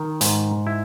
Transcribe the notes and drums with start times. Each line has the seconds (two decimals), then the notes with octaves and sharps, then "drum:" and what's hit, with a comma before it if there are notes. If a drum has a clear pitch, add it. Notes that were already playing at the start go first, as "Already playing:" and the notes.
Already playing: D#3
0.21 G#2, drum: hi-hat
0.67 E4